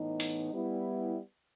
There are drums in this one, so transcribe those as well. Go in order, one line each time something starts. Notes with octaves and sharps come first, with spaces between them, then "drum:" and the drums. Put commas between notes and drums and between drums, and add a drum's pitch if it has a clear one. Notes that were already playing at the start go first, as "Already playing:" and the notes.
Already playing: A2 E3 B3 D#4
drum: open hi-hat
G3 B3 E4